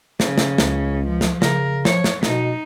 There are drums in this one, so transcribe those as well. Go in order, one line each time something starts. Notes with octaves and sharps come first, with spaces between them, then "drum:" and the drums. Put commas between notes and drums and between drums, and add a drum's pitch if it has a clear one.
C#3, drum: snare
drum: snare
C#2, drum: snare
F3
drum: snare
C#3 A#4, drum: snare
F3 C#5, drum: snare
drum: snare
B2 D#4, drum: snare